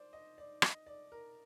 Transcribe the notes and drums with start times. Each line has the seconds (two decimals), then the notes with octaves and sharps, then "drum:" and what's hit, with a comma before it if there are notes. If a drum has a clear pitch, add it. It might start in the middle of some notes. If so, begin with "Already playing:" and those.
Already playing: C5 D5
0.13 D#5
0.38 D5
0.62 D#5, drum: rim click
0.86 D5
1.12 A#4